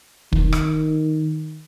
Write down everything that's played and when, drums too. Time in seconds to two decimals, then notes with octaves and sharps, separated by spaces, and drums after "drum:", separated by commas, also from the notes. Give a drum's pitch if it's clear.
0.33 D#3, drum: kick
0.53 drum: rim click